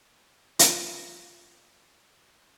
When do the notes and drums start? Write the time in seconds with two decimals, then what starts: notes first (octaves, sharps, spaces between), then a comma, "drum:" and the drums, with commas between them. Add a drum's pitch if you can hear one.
0.59 F4, drum: hi-hat